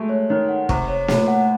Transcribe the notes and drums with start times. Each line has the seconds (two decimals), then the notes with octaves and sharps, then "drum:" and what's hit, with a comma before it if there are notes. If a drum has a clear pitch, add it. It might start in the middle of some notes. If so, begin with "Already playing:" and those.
Already playing: F#3 G#3 A3
0.09 C#5
0.30 D#3 C#5
0.49 F#5
0.69 C3 C#6, drum: kick
0.88 C#5
1.08 A2 C#5, drum: snare A#3
1.28 F#5